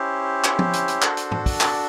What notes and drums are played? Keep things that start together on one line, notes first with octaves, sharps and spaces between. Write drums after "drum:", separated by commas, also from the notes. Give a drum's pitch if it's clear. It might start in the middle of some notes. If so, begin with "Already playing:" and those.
Already playing: C#4 E4 G4 C5
drum: clap
drum: tom F3
drum: hi-hat
drum: hi-hat
D4 F#4 A4, drum: clap
drum: hi-hat
drum: tom G2
drum: kick, open hi-hat
D5, drum: clap